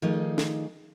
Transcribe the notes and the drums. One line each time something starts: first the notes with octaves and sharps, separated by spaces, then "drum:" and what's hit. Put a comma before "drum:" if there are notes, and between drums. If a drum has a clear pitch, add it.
D#3 F3 A3 D#4 G#4 D5
drum: snare